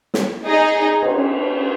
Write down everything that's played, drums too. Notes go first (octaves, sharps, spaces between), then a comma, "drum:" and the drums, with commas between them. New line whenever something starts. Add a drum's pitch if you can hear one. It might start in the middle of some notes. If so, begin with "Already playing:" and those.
drum: snare
D#4 G#4 D#5
drum: cymbal